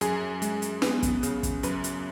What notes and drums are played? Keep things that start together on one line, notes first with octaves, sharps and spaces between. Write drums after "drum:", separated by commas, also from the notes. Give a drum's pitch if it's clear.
F#2 G#4, drum: hi-hat
G#3, drum: hi-hat
drum: hi-hat
B3 B4, drum: snare
drum: kick, hi-hat
C#3, drum: hi-hat
drum: kick, hi-hat
F#2 B4, drum: hi-hat
drum: hi-hat